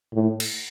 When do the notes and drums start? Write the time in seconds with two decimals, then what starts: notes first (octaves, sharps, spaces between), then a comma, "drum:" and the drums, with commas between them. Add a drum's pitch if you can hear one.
0.14 A2
0.40 drum: cymbal